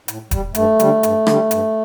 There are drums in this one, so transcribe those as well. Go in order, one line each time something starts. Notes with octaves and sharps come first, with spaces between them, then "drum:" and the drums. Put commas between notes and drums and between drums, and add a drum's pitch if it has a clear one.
A2, drum: hi-hat
G3, drum: kick D#1, hi-hat
G2 A3, drum: hi-hat
D3 G3, drum: hi-hat
G2, drum: hi-hat
D3 G3, drum: rim click
G2, drum: hi-hat